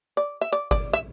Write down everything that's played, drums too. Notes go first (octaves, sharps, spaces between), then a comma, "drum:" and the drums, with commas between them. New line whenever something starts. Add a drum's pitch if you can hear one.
D5
E5
D5
D5, drum: kick G1
E5